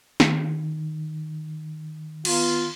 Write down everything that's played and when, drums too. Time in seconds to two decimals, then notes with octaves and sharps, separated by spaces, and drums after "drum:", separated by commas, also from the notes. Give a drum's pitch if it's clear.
0.20 D#3, drum: snare
2.25 B3 F4, drum: cymbal